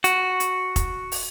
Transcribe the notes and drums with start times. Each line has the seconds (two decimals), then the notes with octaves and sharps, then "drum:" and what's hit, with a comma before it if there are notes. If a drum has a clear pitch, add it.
0.04 F#4, drum: hi-hat
0.40 drum: hi-hat
0.76 drum: kick F1, hi-hat
1.12 drum: open hi-hat